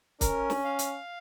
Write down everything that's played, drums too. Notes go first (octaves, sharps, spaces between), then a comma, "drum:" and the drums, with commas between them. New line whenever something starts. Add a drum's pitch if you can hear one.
C#4 A#4, drum: kick, hi-hat
drum: snare
F5
drum: hi-hat